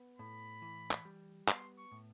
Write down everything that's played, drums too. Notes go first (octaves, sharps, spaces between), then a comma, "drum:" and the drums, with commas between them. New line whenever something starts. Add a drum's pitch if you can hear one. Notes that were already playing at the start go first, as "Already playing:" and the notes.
Already playing: B3
A2 B5
E3
drum: clap
G3
B3 C6, drum: clap
C#6
A2